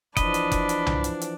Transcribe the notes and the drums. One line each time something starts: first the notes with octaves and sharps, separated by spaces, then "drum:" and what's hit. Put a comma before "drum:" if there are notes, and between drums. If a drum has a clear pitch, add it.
E3 F3 D4 D#5 B5, drum: kick F1, hi-hat
drum: hi-hat
drum: kick F1, hi-hat
drum: hi-hat
drum: tom C2
drum: hi-hat
drum: hi-hat